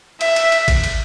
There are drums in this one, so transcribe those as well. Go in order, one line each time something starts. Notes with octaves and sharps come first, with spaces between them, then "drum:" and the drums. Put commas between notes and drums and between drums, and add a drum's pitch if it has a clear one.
E5, drum: cymbal
drum: cymbal
drum: cymbal
drum: kick G#1, cymbal
drum: cymbal